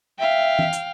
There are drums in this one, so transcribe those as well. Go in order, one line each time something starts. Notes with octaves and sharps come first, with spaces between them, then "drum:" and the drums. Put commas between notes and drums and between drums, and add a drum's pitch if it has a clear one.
E5 F5 G5
drum: tom E3
drum: hi-hat